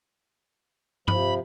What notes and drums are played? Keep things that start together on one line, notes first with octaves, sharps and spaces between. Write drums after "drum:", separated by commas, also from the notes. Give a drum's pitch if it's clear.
C3 F3 B5, drum: tom G2